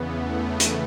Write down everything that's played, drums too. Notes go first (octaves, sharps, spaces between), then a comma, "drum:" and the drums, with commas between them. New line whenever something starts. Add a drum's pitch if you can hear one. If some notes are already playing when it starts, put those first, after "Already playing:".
Already playing: E2 C#3 E3 B3
A3
drum: hi-hat